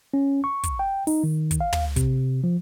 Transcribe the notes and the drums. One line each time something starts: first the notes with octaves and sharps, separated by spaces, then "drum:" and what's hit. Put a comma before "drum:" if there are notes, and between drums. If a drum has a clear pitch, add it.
C#4
C#6
drum: kick, hi-hat
G5
D#4, drum: open hi-hat
D#3
drum: kick, hi-hat
F5
drum: tom
C3, drum: kick, hi-hat
F3